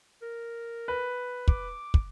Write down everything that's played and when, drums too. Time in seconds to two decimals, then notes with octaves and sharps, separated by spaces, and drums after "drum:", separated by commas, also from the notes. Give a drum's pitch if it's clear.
0.22 A#4
0.88 B4
1.48 D6, drum: kick
1.94 drum: kick